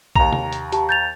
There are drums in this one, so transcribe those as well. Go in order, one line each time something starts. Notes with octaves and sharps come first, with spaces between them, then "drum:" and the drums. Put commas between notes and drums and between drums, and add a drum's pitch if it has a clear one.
D#2 A#5 F7, drum: kick A#1
drum: tom C3
drum: hi-hat
G4 A5, drum: hi-hat
G6 A6 F7